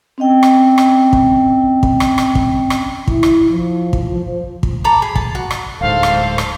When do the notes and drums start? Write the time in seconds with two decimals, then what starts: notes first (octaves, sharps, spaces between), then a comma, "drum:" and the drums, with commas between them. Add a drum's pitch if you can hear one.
0.18 C4 C#4 D#5 G5
0.43 drum: rim click
0.78 drum: rim click
1.13 drum: kick
1.83 drum: kick
2.00 drum: rim click
2.18 drum: rim click
2.35 drum: kick
2.70 drum: rim click
3.08 E4, drum: kick
3.23 drum: rim click
3.50 F3
3.93 drum: kick
4.08 F3
4.63 drum: kick
4.84 A4 A#5 B5 D6
5.02 G#4 B5
5.15 A5, drum: kick
5.35 F#4
5.51 drum: rim click
5.81 D1 G#2 A4 C5 F5
6.03 drum: rim click
6.38 drum: rim click